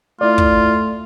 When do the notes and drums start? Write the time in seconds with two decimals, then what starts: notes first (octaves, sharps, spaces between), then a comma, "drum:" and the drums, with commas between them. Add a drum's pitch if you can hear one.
0.21 A3 E4 F4 D5
0.38 drum: kick